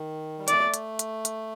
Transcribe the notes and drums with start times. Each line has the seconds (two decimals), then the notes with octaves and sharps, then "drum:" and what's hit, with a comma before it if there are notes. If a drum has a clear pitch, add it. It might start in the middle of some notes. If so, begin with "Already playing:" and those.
Already playing: D#3
0.39 G3
0.48 A3 D5, drum: hi-hat
0.74 drum: hi-hat
0.99 drum: hi-hat
1.25 drum: hi-hat